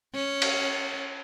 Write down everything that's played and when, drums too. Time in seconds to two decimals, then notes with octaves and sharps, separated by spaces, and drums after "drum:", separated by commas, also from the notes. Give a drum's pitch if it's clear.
0.14 C#4
0.42 drum: cymbal